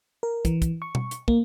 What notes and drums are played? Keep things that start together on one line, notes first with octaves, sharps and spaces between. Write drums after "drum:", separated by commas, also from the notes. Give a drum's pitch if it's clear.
A#4
E3, drum: kick, hi-hat
drum: kick, hi-hat
C#6
drum: tom B2
drum: hi-hat
A#3, drum: kick